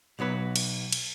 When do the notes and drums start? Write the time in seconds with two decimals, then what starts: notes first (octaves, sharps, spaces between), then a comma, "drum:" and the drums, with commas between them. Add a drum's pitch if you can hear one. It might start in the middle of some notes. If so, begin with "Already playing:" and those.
0.19 B1 F#3 B3 B4
0.56 drum: cymbal
0.92 drum: cymbal